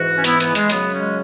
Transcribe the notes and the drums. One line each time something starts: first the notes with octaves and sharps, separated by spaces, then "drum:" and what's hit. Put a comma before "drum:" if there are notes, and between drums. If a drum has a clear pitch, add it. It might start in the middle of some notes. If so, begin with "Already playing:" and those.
Already playing: G#2 E3 F#4
C#4
B3 E4, drum: hi-hat
B3, drum: hi-hat
G#3, drum: hi-hat
F#2 C#3 F#3 B3, drum: hi-hat
G#3 C#4